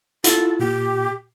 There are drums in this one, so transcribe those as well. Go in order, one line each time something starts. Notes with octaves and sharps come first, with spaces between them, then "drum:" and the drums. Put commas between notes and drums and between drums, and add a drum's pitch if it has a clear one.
E4 F4 A4 F#5, drum: hi-hat
A#2 G4